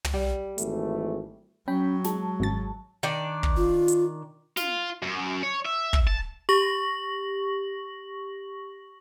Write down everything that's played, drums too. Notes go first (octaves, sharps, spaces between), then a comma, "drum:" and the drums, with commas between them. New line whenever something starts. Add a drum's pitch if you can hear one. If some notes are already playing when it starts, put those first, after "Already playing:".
drum: tom
G3
G#1 E3 A3, drum: hi-hat
F#3 C#4 G5 B5
G#3 A5, drum: snare
G#1 F#2 A6
D#3 D4 D5
drum: kick
F4
drum: hi-hat
F4, drum: snare
F#2
C#5
E5
drum: kick
A5
G4 C#6 A#6 F#7